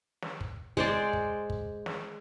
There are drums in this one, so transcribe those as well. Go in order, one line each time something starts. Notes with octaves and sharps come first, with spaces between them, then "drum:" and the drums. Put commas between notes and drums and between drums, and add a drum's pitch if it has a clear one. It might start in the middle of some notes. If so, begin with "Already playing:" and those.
drum: snare
drum: kick
G#3 C5 D5, drum: kick
drum: kick
drum: kick
drum: snare